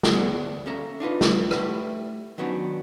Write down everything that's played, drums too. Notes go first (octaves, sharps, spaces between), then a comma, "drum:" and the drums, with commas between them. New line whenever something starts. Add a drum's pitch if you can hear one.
drum: snare
D2 B3 G#4 D5
A#3 C#4 A4 E5 A#5
D4 D#4 F4 B4
drum: snare
A3 E4 G4 B4, drum: rim click
D#3 F#3 B3 C#4 D4